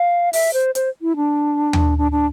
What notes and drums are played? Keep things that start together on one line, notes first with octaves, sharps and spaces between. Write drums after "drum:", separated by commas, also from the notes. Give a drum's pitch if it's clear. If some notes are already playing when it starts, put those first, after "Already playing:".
Already playing: F5
E5, drum: open hi-hat
C5
C5, drum: hi-hat
E4
D4
drum: tom
D4
D4